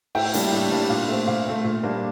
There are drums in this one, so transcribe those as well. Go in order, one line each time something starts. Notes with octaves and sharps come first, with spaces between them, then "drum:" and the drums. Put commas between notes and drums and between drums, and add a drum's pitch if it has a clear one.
A2 E5 G5, drum: cymbal
G3 A#3 D4, drum: hi-hat
A2
G3 A#3 D4
A#2 F5
A3 C4 E5
A#2 F5
A3 C4
A#2
G3 A#3 D4